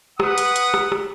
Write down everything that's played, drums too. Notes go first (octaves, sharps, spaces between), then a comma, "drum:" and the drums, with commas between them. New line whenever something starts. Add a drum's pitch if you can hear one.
B4 F#5 D#6, drum: rim click
drum: hi-hat
drum: hi-hat
drum: rim click
drum: rim click